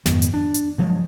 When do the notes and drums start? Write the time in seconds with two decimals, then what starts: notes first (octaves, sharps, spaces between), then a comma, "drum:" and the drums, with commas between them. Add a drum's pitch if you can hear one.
0.06 F2 G#2 D#3 B3, drum: snare
0.22 drum: hi-hat
0.34 D4
0.54 drum: hi-hat
0.78 G2 F3 F#3 G#3